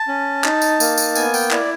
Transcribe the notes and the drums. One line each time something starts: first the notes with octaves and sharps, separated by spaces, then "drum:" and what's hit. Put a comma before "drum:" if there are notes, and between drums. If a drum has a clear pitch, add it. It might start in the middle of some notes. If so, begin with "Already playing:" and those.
Already playing: A5
C#4
D#4, drum: clap
drum: tambourine
A#3, drum: tambourine
drum: tambourine
B3 G#5, drum: tambourine
G5, drum: tambourine
E4 D5, drum: clap